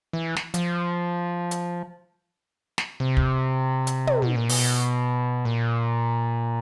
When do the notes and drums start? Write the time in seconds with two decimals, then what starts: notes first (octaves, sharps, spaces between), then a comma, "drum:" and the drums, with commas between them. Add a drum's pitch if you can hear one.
0.13 E3
0.37 drum: snare
0.54 F3, drum: hi-hat
1.51 drum: hi-hat
2.78 drum: snare
3.00 C3
3.17 drum: kick
3.87 drum: hi-hat
4.07 drum: tom
4.22 B2
4.36 A#2
4.49 B2, drum: open hi-hat
5.45 A#2